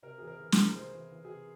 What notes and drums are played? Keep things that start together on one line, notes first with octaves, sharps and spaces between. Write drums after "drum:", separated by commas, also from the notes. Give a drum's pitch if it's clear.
C3 A#4
E3 G#4
A#4
E3
G#4, drum: snare
C3
C3 C5
E3
E3
G#4
C3